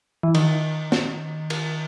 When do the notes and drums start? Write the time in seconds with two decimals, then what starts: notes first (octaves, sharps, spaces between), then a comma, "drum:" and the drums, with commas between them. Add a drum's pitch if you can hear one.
0.23 E3
0.34 D#3, drum: cymbal
0.92 drum: snare
1.50 drum: cymbal